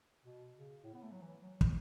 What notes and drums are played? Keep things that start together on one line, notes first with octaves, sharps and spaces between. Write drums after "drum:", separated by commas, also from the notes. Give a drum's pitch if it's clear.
B2
C#3
A2
B3
A3
F#3
E3
F#3
drum: kick